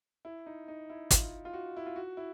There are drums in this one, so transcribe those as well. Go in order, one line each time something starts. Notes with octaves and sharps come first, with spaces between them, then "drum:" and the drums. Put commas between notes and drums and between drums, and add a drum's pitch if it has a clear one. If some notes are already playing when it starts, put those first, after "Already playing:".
E4
D#4
D#4
E4
F4, drum: kick, hi-hat
F4
F#4
E4
F4
F#4
E4